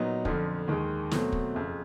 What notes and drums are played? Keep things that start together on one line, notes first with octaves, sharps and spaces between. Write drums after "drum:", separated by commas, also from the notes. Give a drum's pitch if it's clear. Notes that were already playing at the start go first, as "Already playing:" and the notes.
Already playing: A#2 F#3 B3 D#4
F2 D3 F3, drum: kick
D#2 D#3 G#3
B2 F#3 A3 C4, drum: snare
drum: kick
F#1 F2 C#3